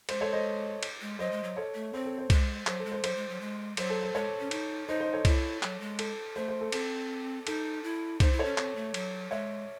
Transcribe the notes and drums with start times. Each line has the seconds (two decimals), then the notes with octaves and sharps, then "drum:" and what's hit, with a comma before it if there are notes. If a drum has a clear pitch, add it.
0.09 G#3 C5, drum: cymbal
0.21 A4 C#5
0.33 C5 D#5
0.83 drum: cymbal
1.01 G#3
1.19 F#3 C5 D#5
1.32 G#3
1.44 F#3
1.57 A4 C#5
1.75 A3
1.93 C4 C5
2.06 A4
2.18 C5
2.30 G#3, drum: kick C2, cymbal
2.67 F#3 C5, drum: clap
2.79 A4
2.85 G#3
2.92 C5
3.04 F#3 C5, drum: cymbal
3.16 G#3
3.29 F#3
3.41 G#3
3.77 F#3 C5, drum: cymbal
3.90 A4
4.03 C5
4.14 G#3 A4 C#5
4.40 C#4
4.51 D#4, drum: cymbal
4.88 D#4 C5 D#5
5.00 C5 D#5
5.13 A4 C#5
5.25 E4, drum: kick C2, cymbal
5.63 F#3, drum: clap
5.80 G#3
5.99 A4, drum: cymbal
6.36 A3 C5
6.48 C5
6.61 A4
6.72 C4 A4, drum: cymbal
7.47 D#4 A4, drum: cymbal
7.84 E4
8.20 D#4 C5, drum: kick C2, cymbal
8.32 E4
8.39 A4 C#5
8.45 C#4
8.58 C4, drum: clap
8.76 A3
8.94 F#3, drum: cymbal
9.31 G#3 C#5 E5